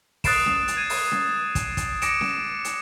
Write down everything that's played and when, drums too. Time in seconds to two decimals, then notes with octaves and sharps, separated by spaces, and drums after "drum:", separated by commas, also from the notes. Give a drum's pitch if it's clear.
0.24 D#6 F#6 A6 C7 D7 E7, drum: kick, open hi-hat
0.46 drum: snare C#4
0.68 drum: hi-hat
0.77 G#6 D#7
0.90 drum: open hi-hat
1.12 drum: snare C#4
1.55 drum: kick, hi-hat
1.77 drum: kick, hi-hat
2.02 D6 A#6 C#7 D7 E7, drum: hi-hat
2.21 drum: snare C#4
2.65 drum: hi-hat